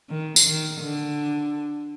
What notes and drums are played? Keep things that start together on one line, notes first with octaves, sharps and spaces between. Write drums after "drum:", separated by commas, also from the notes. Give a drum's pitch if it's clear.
D#3
drum: tambourine
D#3
D3